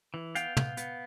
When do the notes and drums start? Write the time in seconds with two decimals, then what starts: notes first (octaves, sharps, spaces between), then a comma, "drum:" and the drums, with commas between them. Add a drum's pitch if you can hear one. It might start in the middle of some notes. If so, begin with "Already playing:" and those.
0.14 E3
0.35 B3 F5 G5, drum: hi-hat
0.57 B3, drum: tom
0.77 B3, drum: hi-hat